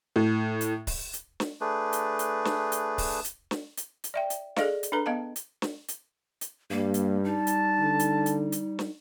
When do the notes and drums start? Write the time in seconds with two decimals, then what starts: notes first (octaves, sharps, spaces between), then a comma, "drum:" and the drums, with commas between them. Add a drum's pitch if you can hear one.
0.16 A2
0.61 drum: hi-hat
0.87 drum: kick C#1, open hi-hat
1.13 drum: hi-hat
1.40 drum: snare
1.61 A3 D4 G#4 B4
1.93 drum: hi-hat
2.19 drum: hi-hat
2.45 drum: snare
2.72 drum: hi-hat
2.98 drum: kick C#1, open hi-hat
3.25 drum: hi-hat
3.51 drum: snare
3.77 drum: hi-hat
4.04 drum: hi-hat
4.14 D5 E5 G5
4.30 drum: hi-hat
4.56 G#4 A4 D5 D#5 F5, drum: snare
4.83 drum: hi-hat
4.92 D4 A4 B4 A#5
5.06 B3 D#5 F5 A5
5.36 drum: hi-hat
5.62 drum: snare
5.88 drum: hi-hat
6.41 drum: hi-hat
6.71 G2 G3 A#3
6.94 drum: hi-hat
7.25 D#4 A5
7.47 drum: hi-hat
7.80 D3
8.00 drum: hi-hat
8.26 drum: hi-hat
8.52 drum: hi-hat
8.79 drum: snare